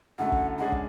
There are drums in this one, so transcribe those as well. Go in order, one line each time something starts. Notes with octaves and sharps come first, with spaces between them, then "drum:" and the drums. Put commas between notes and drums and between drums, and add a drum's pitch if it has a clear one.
F#2 D3 A3 E4 F#5
drum: kick
C#3 G#3 D4 G#4 F#5
drum: kick